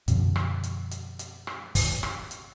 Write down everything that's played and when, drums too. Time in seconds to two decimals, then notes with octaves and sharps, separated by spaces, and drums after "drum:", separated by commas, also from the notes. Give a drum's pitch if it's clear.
0.08 F#2 B2 D3 F3, drum: hi-hat
0.36 drum: rim click
0.63 drum: hi-hat
0.91 drum: hi-hat
1.19 drum: hi-hat
1.47 drum: rim click
1.75 drum: kick, open hi-hat
2.03 drum: rim click
2.31 drum: hi-hat